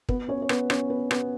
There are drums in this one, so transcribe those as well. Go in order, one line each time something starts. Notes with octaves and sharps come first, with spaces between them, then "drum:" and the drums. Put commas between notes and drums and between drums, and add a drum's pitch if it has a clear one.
B3 B4, drum: kick
C#4 C#5
C#5
B3 B4, drum: rim click
C#4 C#5, drum: rim click
B3 B4
B3 B4, drum: rim click